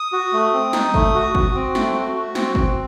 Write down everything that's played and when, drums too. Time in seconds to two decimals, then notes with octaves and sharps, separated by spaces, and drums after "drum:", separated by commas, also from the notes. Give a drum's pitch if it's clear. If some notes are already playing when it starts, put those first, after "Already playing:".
Already playing: D#6
0.12 F#4
0.33 A3
0.53 C4
0.73 D#4, drum: snare
0.94 A3, drum: kick G1
1.14 F#4
1.35 F#4, drum: kick G1
1.54 C4
1.75 A3, drum: snare
1.95 F#4
2.14 F#4
2.35 C4, drum: snare
2.55 C4, drum: kick G1